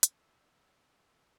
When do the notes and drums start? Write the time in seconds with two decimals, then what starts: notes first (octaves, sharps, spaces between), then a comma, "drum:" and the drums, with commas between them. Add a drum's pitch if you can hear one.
0.03 drum: hi-hat
0.17 E6
0.93 E6